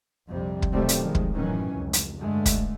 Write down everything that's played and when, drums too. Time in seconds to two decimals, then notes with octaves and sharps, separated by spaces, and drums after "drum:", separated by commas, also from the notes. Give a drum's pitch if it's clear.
0.28 A#1 F2 C3 G3
0.62 drum: kick
0.72 B2 D#3 F#3 G3 A3 C4
0.89 drum: hi-hat
1.02 D#3 F3 G#3
1.15 drum: kick
1.34 F#2 A2 D#3 E3 F#3 C#4
1.74 F1 C#2
1.93 drum: hi-hat
2.19 G2 D3 G#3 A3
2.46 drum: kick, hi-hat